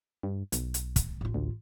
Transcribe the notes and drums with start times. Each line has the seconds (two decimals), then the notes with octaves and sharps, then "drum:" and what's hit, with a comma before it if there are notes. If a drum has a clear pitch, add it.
0.23 G2
0.52 B1, drum: hi-hat
0.74 drum: hi-hat
0.96 drum: kick, hi-hat
1.21 A1 F4
1.34 D2